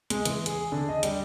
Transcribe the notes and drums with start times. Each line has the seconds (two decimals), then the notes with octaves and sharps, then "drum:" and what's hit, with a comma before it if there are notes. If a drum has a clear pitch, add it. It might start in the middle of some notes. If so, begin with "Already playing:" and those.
0.10 G#3, drum: hi-hat
0.25 E3, drum: hi-hat
0.46 G#4, drum: hi-hat
0.72 D3
0.89 D#5
1.03 G3, drum: hi-hat